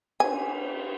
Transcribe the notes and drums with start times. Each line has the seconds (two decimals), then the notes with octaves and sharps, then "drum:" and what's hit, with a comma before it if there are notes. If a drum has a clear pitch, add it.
0.20 G#5, drum: cymbal